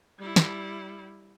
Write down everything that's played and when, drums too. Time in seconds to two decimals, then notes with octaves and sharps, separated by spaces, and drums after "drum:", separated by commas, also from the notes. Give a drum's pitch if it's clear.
0.19 G3 E4
0.36 drum: snare